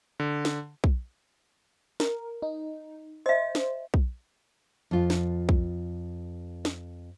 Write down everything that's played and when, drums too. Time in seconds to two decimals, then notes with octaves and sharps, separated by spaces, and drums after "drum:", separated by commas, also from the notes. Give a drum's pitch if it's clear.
0.20 D3
0.45 drum: snare
0.84 drum: kick
2.00 A#4, drum: snare
2.42 D#4
3.26 C5 D#5 E5
3.55 drum: snare
3.94 drum: kick
4.91 F2 F4
5.10 drum: snare
5.49 drum: kick
6.65 drum: snare